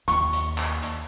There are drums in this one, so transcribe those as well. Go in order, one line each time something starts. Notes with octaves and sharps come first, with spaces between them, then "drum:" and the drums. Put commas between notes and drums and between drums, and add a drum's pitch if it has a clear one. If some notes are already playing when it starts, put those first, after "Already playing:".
D#2 C#6, drum: hi-hat
drum: hi-hat
drum: clap
drum: hi-hat